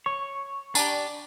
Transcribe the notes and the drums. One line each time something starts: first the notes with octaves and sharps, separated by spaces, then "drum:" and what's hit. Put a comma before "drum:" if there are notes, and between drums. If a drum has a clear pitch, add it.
C#5 C#6
D4 G4 D5 A5 A#5, drum: tambourine